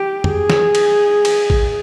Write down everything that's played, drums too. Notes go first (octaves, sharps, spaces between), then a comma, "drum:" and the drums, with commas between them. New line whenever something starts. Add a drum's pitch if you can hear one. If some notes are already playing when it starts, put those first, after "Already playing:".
Already playing: G4
G#4, drum: tom F2
drum: snare
drum: cymbal
drum: cymbal
drum: kick A1